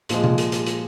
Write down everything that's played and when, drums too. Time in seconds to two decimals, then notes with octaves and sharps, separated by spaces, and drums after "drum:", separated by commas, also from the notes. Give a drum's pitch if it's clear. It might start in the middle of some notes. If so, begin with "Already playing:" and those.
0.09 A#2 F3 G#3, drum: hi-hat
0.24 drum: tom C3
0.38 drum: hi-hat
0.52 drum: hi-hat
0.66 drum: hi-hat